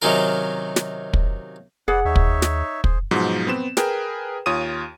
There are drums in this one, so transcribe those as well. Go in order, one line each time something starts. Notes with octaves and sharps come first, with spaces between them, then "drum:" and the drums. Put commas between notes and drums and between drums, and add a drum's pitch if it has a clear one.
C3 D#3 F#3 C#4 F4 A#4
drum: snare
drum: kick
F1 G#4 B4 D5 F#5
D#2 D#4 C#5 E5
drum: kick
drum: snare
G#4 C5, drum: kick
G#2 B2 F3 F#3
B3 C4 E7
G#4 A#4 B4 G5, drum: snare
D#2 F4 C#5 D#6 D#7